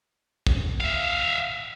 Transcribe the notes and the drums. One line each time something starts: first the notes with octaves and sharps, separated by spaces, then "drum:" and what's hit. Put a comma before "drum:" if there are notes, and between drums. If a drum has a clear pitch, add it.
drum: kick
E5 F5